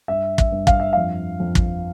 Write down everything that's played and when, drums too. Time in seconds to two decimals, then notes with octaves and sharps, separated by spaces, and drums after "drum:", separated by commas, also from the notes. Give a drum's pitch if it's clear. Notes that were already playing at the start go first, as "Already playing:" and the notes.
0.08 G2 E5
0.38 E5, drum: kick
0.52 G2
0.67 F5, drum: kick
0.80 E5
0.93 F2 F5
1.40 F2
1.55 drum: kick